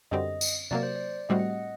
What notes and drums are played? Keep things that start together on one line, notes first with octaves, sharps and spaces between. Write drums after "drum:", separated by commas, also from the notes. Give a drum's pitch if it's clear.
F#2 D3 G3 C4 D#5
drum: tambourine
C3 F#3 A#3 D5
C5
D5
A2 G3 C4 F#4 D#5
F#5
D#5